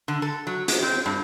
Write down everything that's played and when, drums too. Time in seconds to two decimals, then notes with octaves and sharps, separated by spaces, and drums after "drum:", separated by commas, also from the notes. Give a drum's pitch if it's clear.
0.08 D3
0.22 A4
0.47 F#3
0.68 B3, drum: hi-hat
0.82 C4
1.06 G2